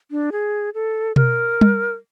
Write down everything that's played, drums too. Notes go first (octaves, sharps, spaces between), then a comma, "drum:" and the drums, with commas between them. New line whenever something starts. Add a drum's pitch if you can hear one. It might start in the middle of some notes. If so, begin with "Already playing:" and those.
D4
G#4
A4
A#4, drum: tom B2
drum: tom G3